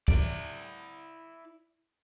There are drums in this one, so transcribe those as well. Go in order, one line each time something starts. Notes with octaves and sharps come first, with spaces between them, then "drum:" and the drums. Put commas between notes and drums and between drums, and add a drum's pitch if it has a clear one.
E4 D5, drum: kick
drum: hi-hat